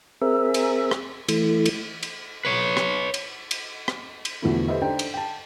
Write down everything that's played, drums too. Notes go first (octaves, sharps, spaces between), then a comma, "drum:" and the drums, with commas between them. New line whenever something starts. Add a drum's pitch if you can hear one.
C4 G#4 A#4 E5
drum: cymbal
drum: rim click
E3 A3, drum: cymbal
drum: cymbal
drum: cymbal
B4 C#5
drum: rim click
drum: cymbal
drum: cymbal
drum: rim click
drum: cymbal
E2 B2 D3 F3 A3 E4
G4 A4 B4 C5 D#5 E5
D4 D#4 A4 C5 G5
drum: cymbal
G5 A5